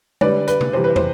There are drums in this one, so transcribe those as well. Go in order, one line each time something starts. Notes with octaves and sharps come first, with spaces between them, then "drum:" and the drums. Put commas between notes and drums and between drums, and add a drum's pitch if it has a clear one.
D3 G3 B4 D5, drum: tom G#3
B4, drum: hi-hat
drum: tom C3
C3 E3 G3 C5
B4
C5, drum: tom